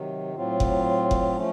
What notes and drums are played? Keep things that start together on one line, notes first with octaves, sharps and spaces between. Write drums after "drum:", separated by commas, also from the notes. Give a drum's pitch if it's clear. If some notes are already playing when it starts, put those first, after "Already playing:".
Already playing: C3 D#3 F#3
A2 F#3 C4 F4
drum: kick F#1
drum: kick F#1
F3 A3 C#4